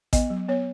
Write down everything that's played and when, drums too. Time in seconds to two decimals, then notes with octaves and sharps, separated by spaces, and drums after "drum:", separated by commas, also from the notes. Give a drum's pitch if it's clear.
0.13 B3 D#5, drum: kick A1, hi-hat
0.30 F#3
0.49 B3 C#5